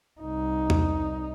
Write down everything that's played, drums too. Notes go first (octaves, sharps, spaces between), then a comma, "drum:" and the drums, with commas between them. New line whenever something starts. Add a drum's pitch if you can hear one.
C2 D#4
drum: tom E2